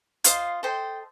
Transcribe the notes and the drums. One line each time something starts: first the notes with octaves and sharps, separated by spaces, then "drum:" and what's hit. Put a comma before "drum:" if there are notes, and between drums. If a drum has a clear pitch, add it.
F4 C5 D#5 F5, drum: hi-hat
A4 C5 D#5 G5